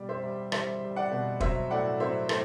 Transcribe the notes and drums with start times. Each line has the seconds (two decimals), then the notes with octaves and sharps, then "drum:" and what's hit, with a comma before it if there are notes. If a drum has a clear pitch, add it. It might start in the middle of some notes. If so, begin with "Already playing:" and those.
Already playing: B2 G3 D5
0.09 C5 E5
0.23 G3
0.52 G3 C5 E5, drum: rim click
0.83 G3
0.96 D5 F#5
1.11 B2
1.40 F#3 C5 E5, drum: kick
1.70 A2 D5 F#5
2.00 F#3 C5 E5
2.29 A2 C5 E5, drum: rim click